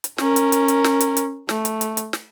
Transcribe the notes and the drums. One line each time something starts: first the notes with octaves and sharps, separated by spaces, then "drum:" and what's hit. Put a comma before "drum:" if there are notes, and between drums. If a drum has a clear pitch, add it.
drum: hi-hat
C#4 A#4, drum: snare
drum: hi-hat
drum: hi-hat
drum: hi-hat
drum: snare
drum: hi-hat
drum: hi-hat
A3, drum: snare
drum: hi-hat
drum: hi-hat
drum: hi-hat
drum: snare